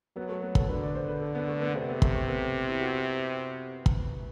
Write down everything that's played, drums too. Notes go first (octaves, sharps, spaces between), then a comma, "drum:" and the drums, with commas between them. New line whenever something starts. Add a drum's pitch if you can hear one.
F#3 B3
A3
B3
A4, drum: kick
D3 B4
D5
C5
B4
A4
B3
A3
B3
C3 C4
B3
A3, drum: kick
A3
B3
E4
F#4
drum: kick